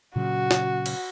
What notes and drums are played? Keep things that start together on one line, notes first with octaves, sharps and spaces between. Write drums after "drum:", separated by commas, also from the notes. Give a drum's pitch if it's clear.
A#2 C#3 F#3 F#4
drum: snare
drum: cymbal